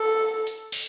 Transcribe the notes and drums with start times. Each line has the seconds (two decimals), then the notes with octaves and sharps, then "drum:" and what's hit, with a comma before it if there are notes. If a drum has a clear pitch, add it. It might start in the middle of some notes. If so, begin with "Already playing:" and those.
Already playing: A4
0.47 drum: hi-hat
0.72 drum: open hi-hat